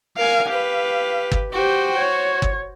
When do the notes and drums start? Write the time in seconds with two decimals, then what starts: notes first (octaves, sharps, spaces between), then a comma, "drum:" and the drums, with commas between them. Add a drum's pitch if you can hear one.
0.17 A#4 F5 G#5
0.49 G4 B4 F5
1.32 drum: kick
1.53 F#4 G4 C5 G5
1.98 C#5
2.42 drum: kick